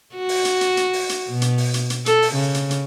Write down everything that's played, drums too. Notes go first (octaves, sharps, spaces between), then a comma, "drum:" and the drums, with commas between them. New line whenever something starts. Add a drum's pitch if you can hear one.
F#4
drum: open hi-hat
drum: hi-hat
drum: hi-hat
drum: hi-hat
drum: open hi-hat
drum: hi-hat
B2
drum: hi-hat
drum: open hi-hat
drum: hi-hat
drum: hi-hat
A4, drum: hi-hat
drum: open hi-hat
C#3
drum: hi-hat
drum: hi-hat